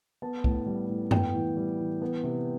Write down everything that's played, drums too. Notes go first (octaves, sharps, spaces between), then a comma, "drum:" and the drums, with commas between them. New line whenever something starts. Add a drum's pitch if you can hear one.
B3 A5
A2, drum: kick
G3
A2
B3 G5, drum: tom F#2
E3
G3
E3
B3
C3